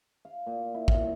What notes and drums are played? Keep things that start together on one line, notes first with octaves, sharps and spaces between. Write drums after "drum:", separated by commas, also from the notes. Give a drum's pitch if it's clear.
F5
A#2
E4
drum: kick